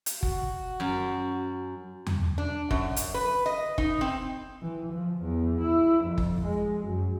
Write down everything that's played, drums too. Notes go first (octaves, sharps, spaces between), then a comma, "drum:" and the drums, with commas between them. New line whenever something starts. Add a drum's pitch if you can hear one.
drum: hi-hat
F#4, drum: kick F#1
F#2
drum: tom E2
D4
F#2, drum: kick F#1
drum: hi-hat
B4
D#5
D#4, drum: kick F#1
C4
E3
F3
E2
E4
F2
drum: kick F#1
G#3
F#2